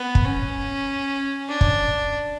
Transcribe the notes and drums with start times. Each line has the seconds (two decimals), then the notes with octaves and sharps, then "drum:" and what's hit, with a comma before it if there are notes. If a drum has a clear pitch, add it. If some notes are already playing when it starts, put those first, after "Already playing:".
Already playing: B3
0.15 drum: kick
0.25 C#4
1.49 D4
1.61 drum: kick